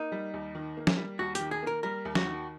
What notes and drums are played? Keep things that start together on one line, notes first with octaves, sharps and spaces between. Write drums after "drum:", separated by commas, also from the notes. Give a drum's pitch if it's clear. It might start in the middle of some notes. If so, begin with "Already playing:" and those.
Already playing: A#3 D#4
G3
D#2
D#3
A#3
drum: snare
G3
D#2 F#4
D#3 G4, drum: hi-hat
G#4
A#3 A#4
G3 A#4
D#2
F#4, drum: snare
D#3